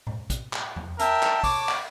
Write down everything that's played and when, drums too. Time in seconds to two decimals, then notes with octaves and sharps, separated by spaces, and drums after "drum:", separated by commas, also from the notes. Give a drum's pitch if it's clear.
0.07 drum: tom A2
0.30 drum: kick, hi-hat
0.53 drum: clap
0.76 drum: tom E2
0.99 A#4 E5 G5 A5, drum: hi-hat
1.22 drum: clap
1.44 C#5 D6, drum: kick, open hi-hat
1.69 drum: clap